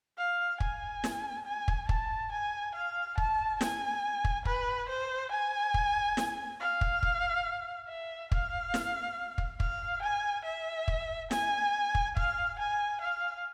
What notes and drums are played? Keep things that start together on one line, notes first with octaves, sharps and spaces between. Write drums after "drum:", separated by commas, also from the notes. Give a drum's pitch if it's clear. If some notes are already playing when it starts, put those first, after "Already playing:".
F5
G#5, drum: kick
drum: snare
G#5
drum: kick
A5, drum: kick
G#5
F5
A5, drum: kick
G#5, drum: snare
drum: kick
B4, drum: kick
C5
G#5
drum: kick
drum: snare
F5
drum: kick
drum: kick
E5
F5, drum: kick
drum: snare
drum: kick
F5, drum: kick
G#5
E5
drum: kick
G#5, drum: snare
drum: kick
F5, drum: kick
G#5
F5